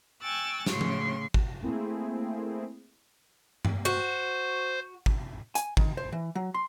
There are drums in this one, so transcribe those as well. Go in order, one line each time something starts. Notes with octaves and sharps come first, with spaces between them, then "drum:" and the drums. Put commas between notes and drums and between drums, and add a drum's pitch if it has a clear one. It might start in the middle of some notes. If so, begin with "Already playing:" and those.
G5 G#5 C#6 E6 F#6 A6
A2 C#3 C6 C#6, drum: snare
drum: tom F3
drum: kick
A3 A#3 C4 E4 G#4
drum: tom G2
F#4 C5
drum: kick
G#5, drum: hi-hat
D#3, drum: kick
C5
E3
F#3
C6